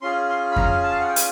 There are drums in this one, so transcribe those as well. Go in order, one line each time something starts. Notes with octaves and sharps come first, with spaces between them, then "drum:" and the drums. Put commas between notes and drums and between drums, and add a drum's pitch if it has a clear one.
C#4 F4 G#4 C6
C6
B5
A#5, drum: kick F2
A5
F5
F#5
G5
G#5, drum: hi-hat